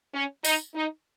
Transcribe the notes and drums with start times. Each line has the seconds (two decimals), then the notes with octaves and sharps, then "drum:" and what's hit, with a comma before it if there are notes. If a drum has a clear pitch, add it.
0.14 C#4
0.45 D#4, drum: tambourine
0.75 D#4